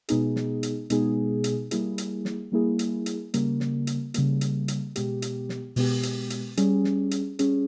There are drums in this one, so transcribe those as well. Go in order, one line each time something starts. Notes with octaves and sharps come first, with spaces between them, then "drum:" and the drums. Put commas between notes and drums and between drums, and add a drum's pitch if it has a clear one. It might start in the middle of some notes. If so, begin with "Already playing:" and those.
B2 G#3 B3 D#4 G#4, drum: hi-hat
drum: snare
drum: hi-hat
B2 G#3 B3 D#4 G#4, drum: hi-hat
drum: hi-hat
G3 A#3 E4 G#4, drum: hi-hat
drum: hi-hat
drum: snare
G3 A#3 E4 G#4
drum: hi-hat
drum: hi-hat
C#3 G3 A#3, drum: hi-hat
drum: snare
drum: hi-hat
C#3 G3 A#3, drum: hi-hat
drum: hi-hat
drum: hi-hat
B2 G#3 B3 G4, drum: hi-hat
drum: hi-hat
drum: snare
B2 G#3 B3 G4, drum: open hi-hat
drum: hi-hat
drum: hi-hat
G3 C#4 G#4, drum: hi-hat
drum: snare
drum: hi-hat
G3 C#4 G#4, drum: hi-hat